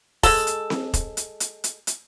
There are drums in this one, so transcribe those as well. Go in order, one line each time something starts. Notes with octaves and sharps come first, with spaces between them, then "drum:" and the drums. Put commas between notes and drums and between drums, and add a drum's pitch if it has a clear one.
G#3 A4, drum: kick, open hi-hat
drum: hi-hat
drum: snare C4
drum: kick, hi-hat
drum: hi-hat
drum: hi-hat
drum: hi-hat
drum: hi-hat